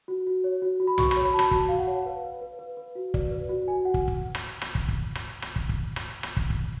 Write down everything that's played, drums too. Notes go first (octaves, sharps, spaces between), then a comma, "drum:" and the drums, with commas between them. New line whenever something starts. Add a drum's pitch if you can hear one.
F#4
F#4
C#5
F#4
F#4
B5
F#4 C#6, drum: tom B1
B5, drum: rim click
C#5
B5
F#4 A5
B5, drum: rim click
F#4 A5, drum: kick
F#4 F5
F#5
C#5
B4 F5
B4
B4
B4
B4
F#4
D5, drum: kick
B4
F#4
F#4 G#5
F#4 F#5
drum: kick
drum: kick
drum: rim click
drum: rim click
drum: kick
drum: kick
drum: rim click
drum: rim click
drum: kick
drum: kick
drum: rim click
drum: rim click
drum: kick
drum: kick